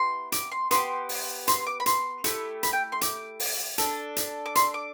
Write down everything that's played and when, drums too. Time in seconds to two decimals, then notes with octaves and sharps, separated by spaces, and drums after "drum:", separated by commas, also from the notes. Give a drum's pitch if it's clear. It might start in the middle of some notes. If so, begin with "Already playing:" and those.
Already playing: B3 E4 G4 C6
0.32 D6, drum: hi-hat
0.51 C6
0.71 B3 D4 G4 C6, drum: hi-hat
1.09 drum: open hi-hat
1.48 C6, drum: hi-hat
1.67 D6
1.80 B5
1.86 C6, drum: hi-hat
2.24 A3 E4 G4, drum: hi-hat
2.63 B5, drum: hi-hat
2.73 G5
2.92 C6
3.01 D6, drum: hi-hat
3.40 drum: open hi-hat
3.78 D4 A4, drum: hi-hat
4.16 drum: hi-hat
4.46 D6
4.55 C6, drum: hi-hat
4.74 D6